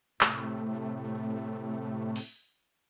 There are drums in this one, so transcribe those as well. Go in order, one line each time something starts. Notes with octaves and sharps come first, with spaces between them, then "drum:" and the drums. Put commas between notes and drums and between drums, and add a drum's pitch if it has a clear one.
A2 C3 A3, drum: clap
drum: open hi-hat